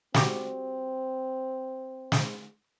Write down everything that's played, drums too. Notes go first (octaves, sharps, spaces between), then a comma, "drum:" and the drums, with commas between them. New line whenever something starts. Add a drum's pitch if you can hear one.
G3 C4 F#4 G4, drum: snare
drum: snare